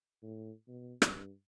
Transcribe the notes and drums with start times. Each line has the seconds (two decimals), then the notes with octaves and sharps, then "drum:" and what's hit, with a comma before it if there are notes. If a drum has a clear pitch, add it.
0.23 A2
0.68 B2
1.02 G2, drum: rim click